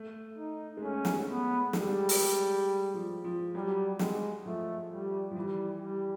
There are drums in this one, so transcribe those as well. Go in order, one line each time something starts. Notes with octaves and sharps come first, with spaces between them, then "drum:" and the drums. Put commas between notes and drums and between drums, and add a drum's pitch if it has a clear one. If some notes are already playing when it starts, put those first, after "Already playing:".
Already playing: A3
D#4
G#3
A3 C#4
drum: snare
B3
G3 G#3, drum: snare
drum: open hi-hat
F3
F3
F#3 G3
G#3, drum: snare
F3 A3
G3
F3
E3 G3
G3